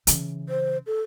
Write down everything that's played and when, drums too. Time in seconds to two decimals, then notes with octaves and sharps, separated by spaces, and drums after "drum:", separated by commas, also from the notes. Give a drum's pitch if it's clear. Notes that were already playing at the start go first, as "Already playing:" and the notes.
0.07 C#3 E3, drum: hi-hat
0.49 C5
0.87 A4